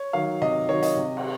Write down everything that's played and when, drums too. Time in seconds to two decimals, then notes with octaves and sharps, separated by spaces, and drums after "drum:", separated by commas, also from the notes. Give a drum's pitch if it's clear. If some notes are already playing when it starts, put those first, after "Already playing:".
Already playing: C#5
0.13 D#3 F#3 F5
0.42 C3 D#5
0.69 D#3 F#3 C#5
0.82 D#5, drum: hi-hat
0.97 C3
1.17 drum: cymbal